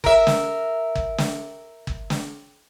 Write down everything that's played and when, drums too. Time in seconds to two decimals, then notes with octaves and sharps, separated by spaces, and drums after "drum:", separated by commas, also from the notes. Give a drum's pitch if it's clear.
0.04 A#4 E5, drum: kick
0.27 drum: snare
0.95 drum: kick
1.18 drum: snare
1.87 drum: kick
2.10 drum: snare